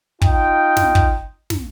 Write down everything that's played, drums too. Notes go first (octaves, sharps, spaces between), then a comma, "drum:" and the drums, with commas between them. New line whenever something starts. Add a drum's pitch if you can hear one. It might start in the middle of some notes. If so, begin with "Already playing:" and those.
D#4 F4 G5, drum: kick
drum: snare
drum: kick
drum: snare